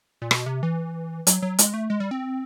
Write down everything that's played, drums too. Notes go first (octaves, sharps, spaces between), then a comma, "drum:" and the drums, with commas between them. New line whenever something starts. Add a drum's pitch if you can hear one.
A#2
B2, drum: rim click
C3
E3
F#3, drum: hi-hat
F#3
G#3, drum: hi-hat
A3
G#3
G3
C4